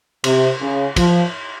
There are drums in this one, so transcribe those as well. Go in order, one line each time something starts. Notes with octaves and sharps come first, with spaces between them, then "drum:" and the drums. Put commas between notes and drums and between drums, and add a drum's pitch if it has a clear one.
C3, drum: cymbal
C#3
F3, drum: kick, cymbal